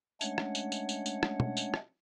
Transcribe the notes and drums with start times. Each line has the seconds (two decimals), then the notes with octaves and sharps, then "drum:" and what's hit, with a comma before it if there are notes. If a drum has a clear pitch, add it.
0.21 G#3 A3 C#4 D4 C#5 F#5, drum: tambourine
0.38 drum: rim click
0.55 drum: tambourine
0.72 drum: tambourine
0.89 drum: tambourine
1.06 drum: tambourine
1.23 drum: rim click
1.40 drum: tom
1.57 drum: tambourine
1.74 drum: rim click